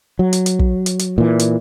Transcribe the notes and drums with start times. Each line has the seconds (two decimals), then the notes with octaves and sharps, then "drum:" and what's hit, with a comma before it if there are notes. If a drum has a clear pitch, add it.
0.19 F#3
0.33 drum: hi-hat
0.46 drum: hi-hat
0.59 drum: kick
0.86 drum: hi-hat
0.99 drum: hi-hat
1.18 A#2 E3
1.39 drum: hi-hat